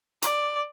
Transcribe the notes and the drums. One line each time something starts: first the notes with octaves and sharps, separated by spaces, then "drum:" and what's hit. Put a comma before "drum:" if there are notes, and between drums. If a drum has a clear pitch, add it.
D5, drum: hi-hat